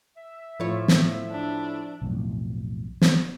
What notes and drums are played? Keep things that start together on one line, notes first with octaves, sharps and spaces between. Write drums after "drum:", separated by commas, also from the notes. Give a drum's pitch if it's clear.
E5
A2 F3 F4 C#5
drum: snare
D4
B1 F2 A2
drum: snare